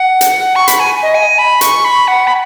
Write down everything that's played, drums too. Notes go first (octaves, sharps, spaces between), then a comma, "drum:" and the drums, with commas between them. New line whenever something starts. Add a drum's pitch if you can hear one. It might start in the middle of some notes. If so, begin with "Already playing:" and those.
Already playing: F#5
drum: hi-hat
C#6
B5, drum: hi-hat
G#5
D#5
G#5
B5
C#6, drum: hi-hat
B5
F#5
B5